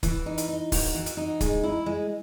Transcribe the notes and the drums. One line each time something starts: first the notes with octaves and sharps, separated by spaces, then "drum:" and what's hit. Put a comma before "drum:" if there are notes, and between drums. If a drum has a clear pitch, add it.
E3, drum: kick, hi-hat
D#4
drum: hi-hat
D#4
F#4, drum: kick, open hi-hat
E3
drum: hi-hat
D#4
G#3, drum: kick, hi-hat
E4
G#3